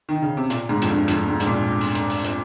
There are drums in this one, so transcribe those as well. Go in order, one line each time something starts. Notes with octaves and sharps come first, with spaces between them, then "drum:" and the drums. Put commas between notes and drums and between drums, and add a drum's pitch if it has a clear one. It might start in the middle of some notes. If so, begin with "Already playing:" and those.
D#3
C#3
C3
A#2, drum: hi-hat
G#2
F2, drum: hi-hat
G2
F2, drum: hi-hat
G#2
G#2, drum: hi-hat
A#2
drum: open hi-hat
drum: hi-hat
drum: open hi-hat
drum: hi-hat